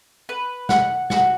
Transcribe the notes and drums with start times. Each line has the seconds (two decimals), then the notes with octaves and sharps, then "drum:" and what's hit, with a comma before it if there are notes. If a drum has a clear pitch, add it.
0.29 B4
0.69 F#5, drum: snare
1.10 F#4, drum: snare